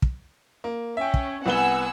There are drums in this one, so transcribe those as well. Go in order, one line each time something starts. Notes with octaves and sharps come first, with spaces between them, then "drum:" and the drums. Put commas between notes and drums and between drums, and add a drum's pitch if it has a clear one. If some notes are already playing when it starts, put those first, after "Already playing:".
drum: kick
A#3
C#4 E5 G5
drum: kick
C2 B3 F#5 G#5 E6 G7